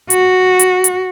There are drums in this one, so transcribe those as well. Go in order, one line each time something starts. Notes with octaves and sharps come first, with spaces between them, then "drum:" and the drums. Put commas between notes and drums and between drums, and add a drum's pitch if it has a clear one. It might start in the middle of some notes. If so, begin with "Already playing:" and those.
F#4, drum: hi-hat
drum: hi-hat
drum: hi-hat